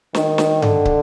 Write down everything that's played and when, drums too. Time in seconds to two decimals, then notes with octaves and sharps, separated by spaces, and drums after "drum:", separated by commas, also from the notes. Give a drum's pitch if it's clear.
0.15 D#3, drum: snare
0.38 drum: snare
0.62 D3, drum: tom G2
0.85 drum: kick